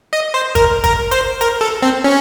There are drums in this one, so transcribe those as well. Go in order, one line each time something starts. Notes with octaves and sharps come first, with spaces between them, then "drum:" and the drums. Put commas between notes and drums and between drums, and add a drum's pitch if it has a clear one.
D#5
C5
A#4, drum: kick, hi-hat
A#4, drum: kick, hi-hat
C5, drum: hi-hat
A#4, drum: hi-hat
A4
C4
C#4